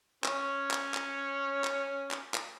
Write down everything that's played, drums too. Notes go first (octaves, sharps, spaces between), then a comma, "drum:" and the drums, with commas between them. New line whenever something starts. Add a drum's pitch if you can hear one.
C#4 C#5, drum: clap
drum: clap
drum: clap
drum: clap
drum: clap
drum: clap